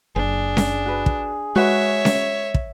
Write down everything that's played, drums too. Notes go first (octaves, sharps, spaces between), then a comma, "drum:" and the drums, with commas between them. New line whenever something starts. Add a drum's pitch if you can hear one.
F#1 D4 G#4
drum: snare C#4
F#4 B4
drum: kick
G#3 F#4 B4 C#5 E5 F#5
drum: snare C#4
drum: kick